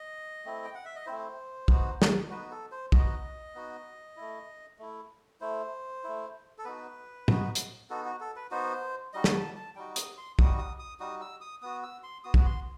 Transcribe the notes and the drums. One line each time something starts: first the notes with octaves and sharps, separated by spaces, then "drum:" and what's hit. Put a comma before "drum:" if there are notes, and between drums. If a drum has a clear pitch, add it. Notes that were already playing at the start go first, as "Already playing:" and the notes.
Already playing: D#5
A3 C4 E4
G5
F#5
E5
D#5
A3 C4 E4 C5
B3 D#4 F#4, drum: kick
drum: snare
B3 D#4 F#4 B4
A4
C5
B3 D#4 F#4 D#5, drum: kick
B3 D#4 F#4
A3 E4
A3 E4
A3 E4 C5
A3 E4
A4
B3 D#4 F#4 B4
B3 D#4 F#4, drum: tom A2
drum: hi-hat
B3 D#4 F#4 A4
F#4
A4
B4
B3 D#4 F#4 C5
G3 D#4 F#4 D#5
drum: snare
A5
A5
G3 D#4 F#4 G5
D#6, drum: hi-hat
C6
G3 D#4 F#4 D#6, drum: kick
D#6
D#6
G3 D#4 F#4 D#6
E6
D#6
B3 F#4 D#6
E6
C6
B3 F#4 D#6
drum: kick
C6